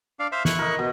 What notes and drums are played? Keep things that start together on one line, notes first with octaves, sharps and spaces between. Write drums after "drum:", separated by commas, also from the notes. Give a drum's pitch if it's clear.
D4 F5
C5 E5 F5
E4 C#6 F#6, drum: snare
A#4 D#5
B2